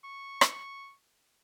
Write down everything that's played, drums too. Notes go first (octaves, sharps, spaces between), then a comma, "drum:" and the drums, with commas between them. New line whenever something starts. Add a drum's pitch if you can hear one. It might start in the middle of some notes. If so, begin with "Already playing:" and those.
C#6
drum: rim click